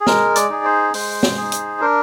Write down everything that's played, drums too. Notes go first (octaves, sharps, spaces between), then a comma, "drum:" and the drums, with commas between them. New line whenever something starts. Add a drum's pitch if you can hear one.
G#4
G#3 A#4, drum: snare
D5, drum: hi-hat
D#4 G#4
C5
G#3 C5, drum: open hi-hat
drum: snare
D#4 G#4
drum: hi-hat
D4 A#4